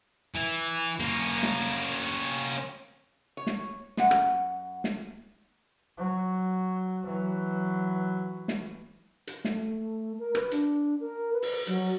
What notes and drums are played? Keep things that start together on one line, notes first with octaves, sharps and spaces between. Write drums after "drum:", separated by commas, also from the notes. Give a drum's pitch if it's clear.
E3
A#3 C#4, drum: hi-hat
drum: snare
C#5
drum: snare
F#2 F#5, drum: snare
drum: rim click
drum: snare
F#3
E3 F#3
drum: snare
drum: hi-hat
A3, drum: snare
A#4
B4, drum: rim click
D4, drum: hi-hat
A#4
B4
drum: open hi-hat
F#3, drum: hi-hat